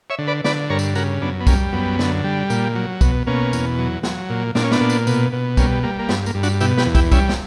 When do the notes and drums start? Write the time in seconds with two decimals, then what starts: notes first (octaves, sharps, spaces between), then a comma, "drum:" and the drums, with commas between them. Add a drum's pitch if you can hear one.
0.10 C#5 E5
0.18 D3
0.27 B4 D5
0.44 D3 B4 D5, drum: snare
0.70 G2 A#4 C#5
0.79 drum: tambourine
0.95 C#3 F#4 A#4, drum: tambourine
1.21 F#2 B3 D4
1.40 B3
1.47 G3 A#3 C#4, drum: kick, tambourine
1.73 F#2 B3
1.99 D3, drum: snare
2.24 G3
2.50 A#2, drum: tambourine
2.75 F#3
3.01 B2, drum: kick, tambourine
3.27 B2 A#3 C#4
3.53 E2, drum: tambourine
3.78 F#3
4.03 F#3, drum: snare
4.30 A#2
4.55 A#2 D4, drum: snare
4.64 C#4
4.71 B3 D4, drum: snare
4.80 A#2
4.90 drum: tambourine
5.07 B2, drum: tambourine
5.33 B2
5.57 G3 A#3 C#4, drum: kick, tambourine
5.83 G3 A#3
5.99 A#3
6.09 G2 B3, drum: snare
6.26 A#3, drum: tambourine
6.35 G2
6.43 D4 F#4, drum: tambourine
6.60 B2 E4 G4, drum: tambourine
6.77 G4 B4, drum: snare
6.86 E2
6.95 E4 G4, drum: kick, tambourine
7.12 G3 C#4 E4, drum: kick, tambourine
7.29 drum: snare